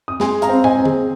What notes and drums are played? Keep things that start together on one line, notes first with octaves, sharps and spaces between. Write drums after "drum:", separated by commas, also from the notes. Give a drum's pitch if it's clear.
D#6
G#3 G#5 C6, drum: snare
F5 A#5, drum: hi-hat
C4
D#5 G#5, drum: tom
C4
G#4, drum: tom D3